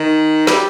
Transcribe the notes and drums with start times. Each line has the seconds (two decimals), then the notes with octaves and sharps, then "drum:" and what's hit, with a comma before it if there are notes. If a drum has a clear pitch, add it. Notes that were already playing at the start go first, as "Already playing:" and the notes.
Already playing: D#3
0.47 G3, drum: snare